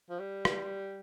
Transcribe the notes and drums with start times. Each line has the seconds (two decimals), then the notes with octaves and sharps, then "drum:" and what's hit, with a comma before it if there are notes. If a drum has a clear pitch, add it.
0.10 F3
0.19 G3
0.45 drum: rim click